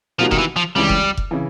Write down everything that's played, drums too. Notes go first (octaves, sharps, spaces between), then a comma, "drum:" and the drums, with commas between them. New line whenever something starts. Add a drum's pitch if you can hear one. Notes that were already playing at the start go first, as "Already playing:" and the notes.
B2 F3 G3 A#3 D#4 F#4
D#3, drum: kick F1
E3
F3
C#2 C#3 E3 G3
drum: kick F1
drum: kick F1
C#3 E3